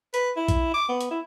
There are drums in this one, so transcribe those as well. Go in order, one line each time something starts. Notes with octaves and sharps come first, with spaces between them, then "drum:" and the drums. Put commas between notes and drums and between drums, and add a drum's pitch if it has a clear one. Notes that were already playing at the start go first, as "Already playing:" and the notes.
B4, drum: hi-hat
E4
drum: kick B1, hi-hat
D6
B3
drum: hi-hat
E4